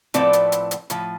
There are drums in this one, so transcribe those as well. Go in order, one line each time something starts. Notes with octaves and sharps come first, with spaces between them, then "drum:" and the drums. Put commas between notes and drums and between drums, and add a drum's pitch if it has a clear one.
A2 F3 A3 C4 B4 D5, drum: hi-hat
drum: hi-hat
drum: hi-hat
drum: hi-hat
A2 F3, drum: hi-hat